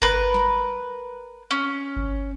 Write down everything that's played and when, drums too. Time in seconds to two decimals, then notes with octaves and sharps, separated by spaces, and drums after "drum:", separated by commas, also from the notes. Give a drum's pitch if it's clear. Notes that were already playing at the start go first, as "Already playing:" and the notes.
0.02 A#4 B4, drum: kick G1
0.34 drum: snare
1.51 C#4
1.97 drum: kick G1